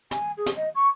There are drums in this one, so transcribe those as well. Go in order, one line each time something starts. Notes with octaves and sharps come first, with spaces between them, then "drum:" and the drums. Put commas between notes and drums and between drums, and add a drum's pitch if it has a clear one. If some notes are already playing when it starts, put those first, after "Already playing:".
G#5, drum: snare
G#4
drum: snare
D#5
C#6